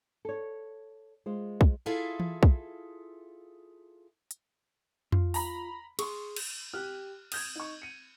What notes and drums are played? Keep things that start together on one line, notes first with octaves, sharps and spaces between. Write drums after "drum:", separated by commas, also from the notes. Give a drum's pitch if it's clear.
A4 C#5
G#3 F4 C5
drum: kick
E4 F4 G#4 A4 E5 F5
drum: tom E3
drum: kick
drum: hi-hat
F4, drum: tom F2
A#5 B5, drum: open hi-hat
G#4 C6 C#6, drum: cymbal
drum: cymbal
G4 F6 F#6
D#6 G6 G#6, drum: cymbal
D#4 C#6
C#7 D#7